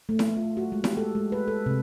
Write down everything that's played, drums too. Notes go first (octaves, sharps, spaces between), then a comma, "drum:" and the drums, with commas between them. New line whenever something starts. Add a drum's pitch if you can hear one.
A3
drum: snare E4
F4
F#4
G#3
G4, drum: snare E4
A4
G#3
B4
A4
C3